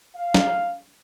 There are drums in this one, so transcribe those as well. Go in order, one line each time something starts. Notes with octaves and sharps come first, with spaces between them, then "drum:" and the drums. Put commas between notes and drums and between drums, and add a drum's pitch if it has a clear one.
F5
drum: snare